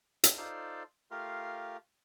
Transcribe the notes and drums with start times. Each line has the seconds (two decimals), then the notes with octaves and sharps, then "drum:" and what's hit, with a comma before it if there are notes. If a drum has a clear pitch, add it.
0.24 drum: hi-hat
0.38 D#4 F4 A4 C5 D5 C6
1.11 A3 F4 G4 A#4 F5 C6